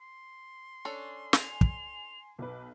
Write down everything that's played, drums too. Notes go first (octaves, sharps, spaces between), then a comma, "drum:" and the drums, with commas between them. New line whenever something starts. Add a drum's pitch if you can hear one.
C6
C#4 D4 A4
G#5 F7, drum: snare
drum: kick
B1 B4 D6